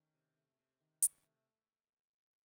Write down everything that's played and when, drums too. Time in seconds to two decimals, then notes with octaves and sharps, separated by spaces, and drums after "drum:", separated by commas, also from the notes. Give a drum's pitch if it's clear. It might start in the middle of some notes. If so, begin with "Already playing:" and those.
Already playing: D#3 A3 C#4
0.14 C3
0.37 A3
0.59 C3
0.80 D#3
1.02 C3, drum: hi-hat
1.24 A3